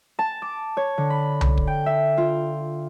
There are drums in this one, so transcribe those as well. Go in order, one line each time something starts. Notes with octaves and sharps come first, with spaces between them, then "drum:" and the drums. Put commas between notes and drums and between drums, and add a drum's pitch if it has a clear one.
A5
D6
C#5
D3
B5
drum: tom C2
drum: kick
G5
E5
F4